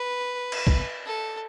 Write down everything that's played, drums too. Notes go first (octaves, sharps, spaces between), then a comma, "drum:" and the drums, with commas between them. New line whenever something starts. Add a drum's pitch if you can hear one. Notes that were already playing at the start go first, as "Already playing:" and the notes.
Already playing: B4
drum: cymbal
drum: kick
A4